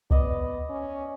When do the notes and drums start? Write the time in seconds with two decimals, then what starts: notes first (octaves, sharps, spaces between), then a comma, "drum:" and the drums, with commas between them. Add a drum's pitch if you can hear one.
0.11 B3 D5 D#5, drum: kick C#2
0.69 C#4